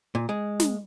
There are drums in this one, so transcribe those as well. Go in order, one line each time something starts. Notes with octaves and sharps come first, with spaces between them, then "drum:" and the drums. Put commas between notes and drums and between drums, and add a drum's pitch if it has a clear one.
A#2
G#3
drum: snare